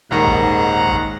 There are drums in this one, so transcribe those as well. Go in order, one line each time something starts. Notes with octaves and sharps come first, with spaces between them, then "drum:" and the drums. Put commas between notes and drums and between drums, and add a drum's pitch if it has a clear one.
D#1 G#2 D#3 F#5 A#5
drum: kick
drum: kick